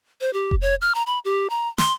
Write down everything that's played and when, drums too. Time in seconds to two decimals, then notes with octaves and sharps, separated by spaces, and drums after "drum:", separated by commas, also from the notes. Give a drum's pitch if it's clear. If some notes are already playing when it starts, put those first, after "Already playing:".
0.21 C5
0.33 G4
0.51 drum: kick F1
0.61 C#5
0.81 F6
0.95 A#5
1.07 B5
1.25 G4
1.50 A#5
1.78 C6, drum: snare